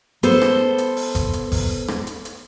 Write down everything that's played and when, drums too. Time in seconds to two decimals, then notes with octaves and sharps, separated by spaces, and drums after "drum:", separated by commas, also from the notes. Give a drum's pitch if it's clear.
0.23 B3 A4 C5, drum: hi-hat
0.42 drum: rim click
0.78 drum: hi-hat
0.97 drum: open hi-hat
1.15 drum: kick G1, hi-hat
1.33 drum: hi-hat
1.52 drum: kick G1, open hi-hat
1.88 drum: rim click
2.07 drum: hi-hat
2.25 drum: hi-hat